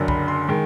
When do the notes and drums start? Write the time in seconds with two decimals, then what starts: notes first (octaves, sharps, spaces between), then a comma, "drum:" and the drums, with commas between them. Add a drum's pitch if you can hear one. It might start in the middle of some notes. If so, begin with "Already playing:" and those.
Already playing: F#1 F#2 D3
0.08 B5, drum: kick C2
0.28 C6
0.49 D#3 G#3